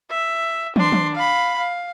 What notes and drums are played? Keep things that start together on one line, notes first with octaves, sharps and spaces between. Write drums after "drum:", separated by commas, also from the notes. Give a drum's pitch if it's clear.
E5
D4 C6, drum: tom
drum: tom
F5 B5
F5